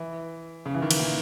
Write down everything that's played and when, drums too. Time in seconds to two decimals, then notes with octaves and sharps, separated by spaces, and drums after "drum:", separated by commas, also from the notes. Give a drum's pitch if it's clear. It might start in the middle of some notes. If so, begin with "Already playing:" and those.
Already playing: E3
0.66 C#3
0.74 E3
0.82 D#3
0.91 E3, drum: cymbal
0.99 A#2